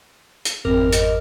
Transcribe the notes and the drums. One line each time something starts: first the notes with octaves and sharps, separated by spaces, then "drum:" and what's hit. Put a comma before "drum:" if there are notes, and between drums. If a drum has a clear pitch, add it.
drum: hi-hat
G#1 F2 C4 A#4 D6
D#5, drum: hi-hat